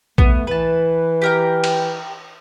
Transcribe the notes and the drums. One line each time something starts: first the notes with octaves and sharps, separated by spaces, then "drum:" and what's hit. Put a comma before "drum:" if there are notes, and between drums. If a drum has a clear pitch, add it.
A3 B3, drum: kick A#1
E3 B4 A5
G4 A#4 G5
drum: cymbal